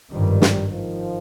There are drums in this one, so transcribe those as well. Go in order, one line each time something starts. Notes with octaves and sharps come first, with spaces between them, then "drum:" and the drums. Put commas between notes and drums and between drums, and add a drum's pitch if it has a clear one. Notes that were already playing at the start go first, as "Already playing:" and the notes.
G#1 G2 D#3 F3 G3
drum: snare
D#3 F3